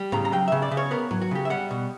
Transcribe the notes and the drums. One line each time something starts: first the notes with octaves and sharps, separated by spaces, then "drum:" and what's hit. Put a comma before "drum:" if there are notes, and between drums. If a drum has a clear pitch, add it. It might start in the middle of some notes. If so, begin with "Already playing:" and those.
Already playing: G3
C#3 A#5, drum: tom
A#5
F#3 G5
C#3 E5
D5
C#3
C#5
B3 A#4
F#3, drum: tom
F#4
C#3 G4
E5
G3 F#5
B2